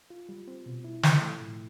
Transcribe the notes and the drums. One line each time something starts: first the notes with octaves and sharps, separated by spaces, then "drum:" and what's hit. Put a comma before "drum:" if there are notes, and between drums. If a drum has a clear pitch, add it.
F4
G3
C4
B2
E4
F3, drum: snare
A3
A2